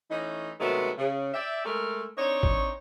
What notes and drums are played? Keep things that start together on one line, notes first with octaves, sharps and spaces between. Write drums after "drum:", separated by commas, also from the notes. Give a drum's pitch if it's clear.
E3 A3 C#4 D#4
C3 D#3 F#3 G#3 A3 B3
C#3
D5 E5 G5
G#3 A3 A#4
C4 D4 D#4 C#5
drum: kick